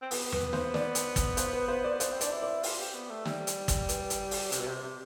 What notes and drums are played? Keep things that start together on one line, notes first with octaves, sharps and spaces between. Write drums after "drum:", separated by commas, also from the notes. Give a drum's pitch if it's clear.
C4
B3 B4, drum: open hi-hat
B4, drum: tom E2
C5, drum: snare
D5, drum: snare
drum: hi-hat
drum: kick, hi-hat
C5, drum: hi-hat
B4
C5
D5
C5, drum: hi-hat
C4
D4 D5, drum: hi-hat
E4
D5
F4, drum: open hi-hat
G4
B3
A3
G3, drum: snare
drum: hi-hat
drum: kick, hi-hat
B4, drum: hi-hat
drum: hi-hat
drum: open hi-hat
C3, drum: hi-hat
B2
C3
C3